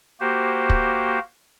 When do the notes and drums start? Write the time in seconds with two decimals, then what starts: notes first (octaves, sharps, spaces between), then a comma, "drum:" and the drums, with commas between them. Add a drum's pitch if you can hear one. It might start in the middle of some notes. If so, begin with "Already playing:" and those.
0.20 A#3 F#4 G4 C5
0.70 drum: kick